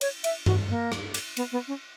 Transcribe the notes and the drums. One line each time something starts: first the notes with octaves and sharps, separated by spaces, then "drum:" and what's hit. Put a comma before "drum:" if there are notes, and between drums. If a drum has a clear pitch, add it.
C#5, drum: cymbal
E5, drum: cymbal
F#4, drum: tom G2
A#3
drum: rim click
drum: cymbal
B3, drum: cymbal
B3
C#4